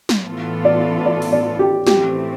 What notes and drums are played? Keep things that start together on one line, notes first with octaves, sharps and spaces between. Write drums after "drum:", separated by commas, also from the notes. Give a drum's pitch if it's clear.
drum: snare
A2 E3 B3 F4 A4
D5
D5
drum: open hi-hat
D5
G4
A2 E3 A3 C4 G4, drum: snare